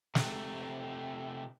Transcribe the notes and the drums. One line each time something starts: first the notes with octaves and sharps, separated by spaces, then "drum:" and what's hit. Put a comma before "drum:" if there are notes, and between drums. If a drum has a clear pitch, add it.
C3 A3, drum: snare